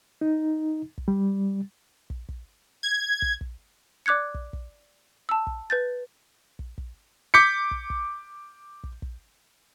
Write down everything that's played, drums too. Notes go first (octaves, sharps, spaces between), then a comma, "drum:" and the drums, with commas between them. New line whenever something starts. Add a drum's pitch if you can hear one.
D#4
drum: kick
G3
drum: kick
drum: kick
G#6
drum: kick
drum: kick
D5 D6 F#6 G#6 C#7
drum: kick
drum: kick
A5 E6
drum: kick
B4 G6 A6
drum: kick
drum: kick
D6 G6 B6 C#7
drum: kick
drum: kick
drum: kick
drum: kick